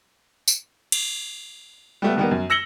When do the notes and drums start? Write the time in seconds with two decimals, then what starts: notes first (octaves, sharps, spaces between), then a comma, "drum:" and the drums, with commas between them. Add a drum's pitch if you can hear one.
0.48 drum: tambourine
0.92 drum: cymbal
2.02 G3 A3 B3
2.16 D#3 G3 A#3 B3
2.31 F#2
2.50 E6 A#6 C#7 F#7 G7